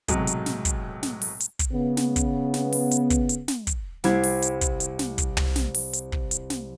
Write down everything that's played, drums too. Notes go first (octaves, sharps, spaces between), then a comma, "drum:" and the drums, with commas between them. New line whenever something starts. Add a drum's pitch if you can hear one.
B1 A2 C3 F#3 G#3, drum: kick, hi-hat
drum: hi-hat
drum: snare
drum: kick, hi-hat
drum: snare
drum: open hi-hat
drum: hi-hat
drum: kick, hi-hat
C#3 B3
drum: snare
drum: kick, hi-hat
drum: snare
drum: open hi-hat
drum: hi-hat
drum: kick, hi-hat
drum: hi-hat
drum: snare
drum: kick, hi-hat
C2 E4 G4 G#6 C7, drum: snare
drum: open hi-hat
drum: hi-hat
drum: kick, hi-hat
drum: hi-hat
drum: snare
drum: kick, hi-hat
drum: tom
drum: snare
drum: open hi-hat
drum: hi-hat
drum: kick
drum: hi-hat
drum: snare